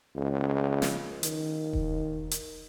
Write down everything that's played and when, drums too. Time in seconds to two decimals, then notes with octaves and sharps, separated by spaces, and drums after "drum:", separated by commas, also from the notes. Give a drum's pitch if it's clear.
0.16 C#2
0.82 drum: snare
1.23 D#3, drum: hi-hat
1.73 drum: kick E1
2.31 drum: hi-hat